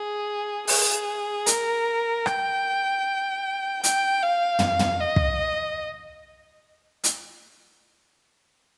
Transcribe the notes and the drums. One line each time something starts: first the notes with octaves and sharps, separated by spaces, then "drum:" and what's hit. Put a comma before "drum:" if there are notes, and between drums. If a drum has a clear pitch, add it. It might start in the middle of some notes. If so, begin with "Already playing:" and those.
Already playing: G#4
G#4, drum: open hi-hat
A#4, drum: hi-hat
G5, drum: rim click
G5, drum: hi-hat
F5
drum: tom
drum: tom
D#5
drum: kick
drum: hi-hat